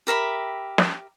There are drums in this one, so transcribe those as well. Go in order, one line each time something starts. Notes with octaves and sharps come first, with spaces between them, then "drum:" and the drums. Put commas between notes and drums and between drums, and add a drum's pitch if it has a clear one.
G4 A#4 E5 B5
drum: snare